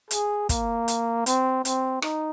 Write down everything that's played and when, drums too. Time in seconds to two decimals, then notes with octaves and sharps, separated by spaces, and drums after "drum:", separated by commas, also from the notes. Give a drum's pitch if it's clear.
0.11 G#4, drum: hi-hat
0.49 A#3, drum: kick, hi-hat
0.88 drum: hi-hat
1.26 C4, drum: hi-hat
1.65 C4, drum: hi-hat
2.02 D#4, drum: rim click